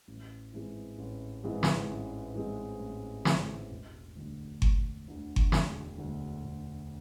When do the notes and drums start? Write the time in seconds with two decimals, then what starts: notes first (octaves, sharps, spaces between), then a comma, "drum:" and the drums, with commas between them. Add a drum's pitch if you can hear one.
0.08 A1
0.53 G#2 E3 G#3 C4
0.98 A1
1.44 G#2 E3 G#3 C4
1.63 drum: snare
1.90 A1
2.35 G#2 E3 G#3 C4
2.80 A1
3.25 G#2 E3 G#3 C4, drum: snare
3.71 E1
4.16 D2 D3
4.62 E1, drum: kick G1
5.08 D2 D3
5.36 drum: kick G1
5.52 E1, drum: snare
5.98 D2 D3
6.43 E1